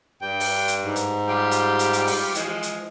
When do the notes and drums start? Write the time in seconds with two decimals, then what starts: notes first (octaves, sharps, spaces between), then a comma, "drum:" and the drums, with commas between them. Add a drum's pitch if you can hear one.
0.22 G2 G5
0.40 drum: open hi-hat
0.68 drum: hi-hat
0.82 G#2
0.96 drum: hi-hat
1.28 G3 F4 G4
1.51 drum: hi-hat
1.79 drum: hi-hat
1.93 drum: hi-hat
2.07 drum: open hi-hat
2.35 E3 F3 G#3, drum: hi-hat
2.63 drum: hi-hat